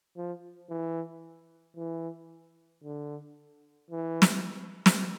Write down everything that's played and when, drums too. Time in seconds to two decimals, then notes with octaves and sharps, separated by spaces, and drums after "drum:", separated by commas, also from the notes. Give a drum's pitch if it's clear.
0.17 F3
0.70 E3
1.76 E3
2.84 D3
3.91 E3
4.22 drum: snare
4.86 drum: snare